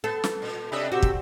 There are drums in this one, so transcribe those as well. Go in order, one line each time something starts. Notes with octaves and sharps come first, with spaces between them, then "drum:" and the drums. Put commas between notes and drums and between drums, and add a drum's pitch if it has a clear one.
B3 A4
drum: snare
A#2
C3 D4 G4 D#5 E5 B5
C3 C4 F#4 G4 E6
drum: kick